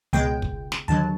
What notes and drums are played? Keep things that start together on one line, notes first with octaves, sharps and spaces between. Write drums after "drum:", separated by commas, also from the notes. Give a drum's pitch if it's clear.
C#2 B2 G#3 G5
drum: kick
drum: snare
D#2 D3 F#3 A5